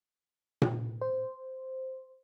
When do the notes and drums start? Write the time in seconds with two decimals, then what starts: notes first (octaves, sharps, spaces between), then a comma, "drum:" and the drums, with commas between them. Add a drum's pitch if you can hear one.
0.62 drum: tom A#2
1.01 C5